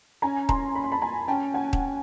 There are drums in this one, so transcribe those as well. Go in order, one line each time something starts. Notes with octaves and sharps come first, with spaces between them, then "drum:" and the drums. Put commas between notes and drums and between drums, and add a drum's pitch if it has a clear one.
C#4 G#5 A#5
A#5 C6, drum: kick D#1
B5
C6
A5 B5
G#5 A#5
C#4 G5 A5
F#5 G#5
drum: kick D#1